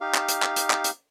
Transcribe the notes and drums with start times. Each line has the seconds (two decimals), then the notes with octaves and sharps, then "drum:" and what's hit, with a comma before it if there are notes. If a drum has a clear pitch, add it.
0.01 D#4 G4 F5
0.15 drum: clap
0.28 drum: hi-hat
0.42 drum: clap
0.56 drum: hi-hat
0.70 drum: clap
0.84 drum: hi-hat